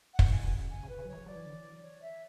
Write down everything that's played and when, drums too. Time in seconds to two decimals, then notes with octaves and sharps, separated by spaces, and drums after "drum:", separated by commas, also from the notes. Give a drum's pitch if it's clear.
0.13 F#5
0.19 G#2, drum: kick
0.31 A2 G#5
0.44 B2
0.56 C#3
0.70 D3 G#5
0.83 C#3
0.89 B4
0.98 C#3
1.05 F#3
1.08 E3 C#5
1.26 F#3 D5
1.36 E3
1.45 D3
1.54 E3
1.82 C#5
2.01 E5